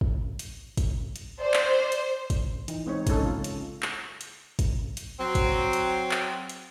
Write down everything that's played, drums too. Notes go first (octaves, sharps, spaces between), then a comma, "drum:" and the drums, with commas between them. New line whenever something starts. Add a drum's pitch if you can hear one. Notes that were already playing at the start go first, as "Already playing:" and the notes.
drum: kick
drum: hi-hat
drum: kick, hi-hat
drum: hi-hat
C5 D5
drum: clap
drum: hi-hat
drum: kick, hi-hat
E3 D#4, drum: hi-hat
G#3 C4 D#4 C#5
G#3 A#3 C4 C#4 D#4 A4, drum: kick, hi-hat
C#3 F4
drum: hi-hat
drum: clap
drum: hi-hat
drum: kick, hi-hat
drum: hi-hat
F#3 C4
drum: kick, hi-hat
drum: hi-hat
drum: clap
drum: hi-hat